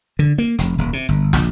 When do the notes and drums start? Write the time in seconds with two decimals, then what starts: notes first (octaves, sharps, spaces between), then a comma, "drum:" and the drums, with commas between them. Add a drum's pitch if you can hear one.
0.19 D3
0.38 A#3
0.58 F1, drum: hi-hat
0.78 D#1
0.93 C3
1.09 G1
1.33 A#1, drum: snare